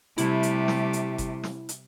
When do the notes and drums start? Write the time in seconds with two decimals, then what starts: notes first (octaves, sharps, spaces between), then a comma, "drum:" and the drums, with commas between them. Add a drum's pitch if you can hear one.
0.18 C3 G3 A3 E4, drum: hi-hat
0.43 drum: hi-hat
0.68 drum: snare
0.93 drum: hi-hat
1.18 drum: kick F#1, hi-hat
1.43 drum: snare
1.69 drum: hi-hat